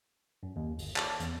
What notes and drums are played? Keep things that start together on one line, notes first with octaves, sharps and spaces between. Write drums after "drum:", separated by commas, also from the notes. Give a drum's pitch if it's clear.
F#2
D#2
G1, drum: open hi-hat
A5, drum: clap
E2, drum: hi-hat